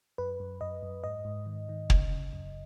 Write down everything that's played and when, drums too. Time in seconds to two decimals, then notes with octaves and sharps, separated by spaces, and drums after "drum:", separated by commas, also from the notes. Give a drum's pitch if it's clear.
0.18 F#2 B4
0.40 F#2
0.61 F#2 D#5
0.83 F#2
1.04 G#2 D#5
1.25 G#2
1.46 D#3
1.69 D#3
1.90 C#3, drum: kick
2.11 C#3
2.33 F#2